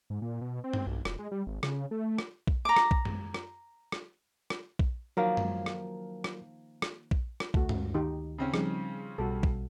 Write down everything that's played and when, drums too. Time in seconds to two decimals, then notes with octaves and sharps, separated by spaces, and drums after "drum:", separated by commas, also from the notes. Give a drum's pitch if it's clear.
0.10 G#2
0.22 A#2
0.41 B2
0.64 C4
0.73 drum: tom G2
0.87 B1
1.05 E1, drum: rim click
1.19 G#3
1.31 G3
1.47 G#1
1.63 C#3, drum: rim click
1.91 A3
2.18 drum: rim click
2.47 drum: kick A#1
2.65 A#5 D6
2.76 drum: rim click
2.91 drum: kick A#1
3.05 drum: tom F#2
3.34 drum: rim click
3.92 drum: rim click
4.50 drum: rim click
4.79 drum: kick A#1
5.17 D#3 F3 F#3 A#3 A#4
5.37 drum: tom F#2
5.66 drum: rim click
6.24 drum: rim click
6.82 drum: rim click
7.11 drum: kick A#1
7.40 drum: rim click
7.54 D2 A3 F#4, drum: kick A#1
7.69 drum: tom G2
7.94 D#3 D#4 G4
8.38 C#3 C4 C#4
8.54 F3 G3 D#4 G#4, drum: rim click
9.18 B1 B2 G3 F#4 A4
9.43 drum: kick A#1